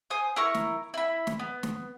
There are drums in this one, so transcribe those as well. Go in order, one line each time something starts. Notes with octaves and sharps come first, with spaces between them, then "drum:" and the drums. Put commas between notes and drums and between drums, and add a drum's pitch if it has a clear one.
C5 G#5 D#6
E4 A#4 C#6
drum: snare
E4 B5
drum: snare
B3
drum: snare